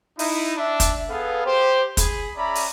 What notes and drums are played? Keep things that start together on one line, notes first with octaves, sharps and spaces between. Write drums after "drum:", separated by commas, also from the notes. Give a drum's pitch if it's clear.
D#4 E4, drum: open hi-hat
D4 E5
drum: kick, hi-hat
B3 G#4 A4 B4 F5
G4 C5
G#4 B5, drum: kick, hi-hat
C#4 D5 E5 A#5 B5
drum: open hi-hat